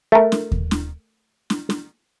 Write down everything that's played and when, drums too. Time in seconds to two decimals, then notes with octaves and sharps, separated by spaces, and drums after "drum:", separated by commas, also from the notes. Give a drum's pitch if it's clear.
0.12 A3 A#4
0.32 drum: snare
0.52 drum: kick D#2
0.71 drum: snare
1.50 drum: snare
1.70 drum: snare